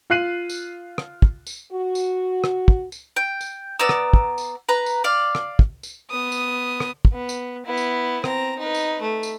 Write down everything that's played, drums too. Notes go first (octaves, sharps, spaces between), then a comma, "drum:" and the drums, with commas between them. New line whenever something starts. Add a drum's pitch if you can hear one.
F4 F5 F#6 C7 D#7 F#7
drum: tambourine
drum: rim click
drum: kick
drum: tambourine
F#4
drum: tambourine
drum: rim click
drum: kick
drum: tambourine
G5
drum: tambourine
B3 D5 A#5 E6
drum: rim click
drum: kick
drum: tambourine
B4 A#5
drum: tambourine
D5 F5
drum: rim click
drum: kick
drum: tambourine
B3 D#6
drum: tambourine
drum: rim click
drum: kick
B3
drum: tambourine
B3 E4
drum: tambourine
C4 A#5, drum: rim click
D#4 B4
drum: tambourine
A3
drum: tambourine